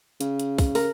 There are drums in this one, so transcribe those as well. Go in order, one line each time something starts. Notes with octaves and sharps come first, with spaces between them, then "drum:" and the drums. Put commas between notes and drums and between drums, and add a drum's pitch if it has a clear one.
C#3, drum: hi-hat
drum: hi-hat
drum: kick, open hi-hat
A#4, drum: open hi-hat